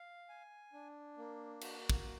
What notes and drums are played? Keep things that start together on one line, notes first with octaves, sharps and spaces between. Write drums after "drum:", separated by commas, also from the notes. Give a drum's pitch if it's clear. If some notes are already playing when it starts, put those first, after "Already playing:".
Already playing: F5
G#5
D4
A#3
F#4, drum: cymbal
drum: kick